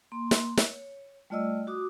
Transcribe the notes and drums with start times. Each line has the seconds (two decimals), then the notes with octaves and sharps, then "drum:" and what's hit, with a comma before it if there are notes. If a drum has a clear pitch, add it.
0.12 A#3 C6
0.31 drum: snare
0.57 C#5, drum: snare
1.30 G3 A3 F4 D5 D#5 E6
1.67 F#4 D6 D#6